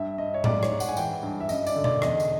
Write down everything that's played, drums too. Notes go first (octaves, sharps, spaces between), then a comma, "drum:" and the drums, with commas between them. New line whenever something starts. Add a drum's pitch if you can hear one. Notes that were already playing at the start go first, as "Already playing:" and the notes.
Already playing: G2 E5
G2 D#5
C#5
G#2 D5, drum: tom A2
C#5, drum: rim click
G#2
F#5, drum: tambourine
G#5
E3 G5, drum: tambourine
G2
E5
F#2 D#5, drum: tambourine
D5, drum: tambourine
D3
D5, drum: tom B2
E2 D#5, drum: rim click
drum: tambourine